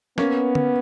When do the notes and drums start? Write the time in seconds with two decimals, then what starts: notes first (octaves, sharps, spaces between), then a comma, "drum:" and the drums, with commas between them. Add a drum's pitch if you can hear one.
0.18 A#3 B3 C#4, drum: snare
0.55 drum: tom D3